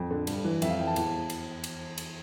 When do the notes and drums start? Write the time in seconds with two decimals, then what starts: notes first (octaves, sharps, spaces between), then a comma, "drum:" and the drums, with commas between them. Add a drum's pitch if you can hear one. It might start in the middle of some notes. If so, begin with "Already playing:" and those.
Already playing: F2
0.11 D3
0.27 G2, drum: cymbal
0.44 E3
0.62 F2 E5, drum: cymbal
0.70 F5
0.79 E3 G5
0.87 A5
0.96 E2, drum: cymbal
1.30 drum: cymbal
1.64 drum: cymbal
1.98 drum: cymbal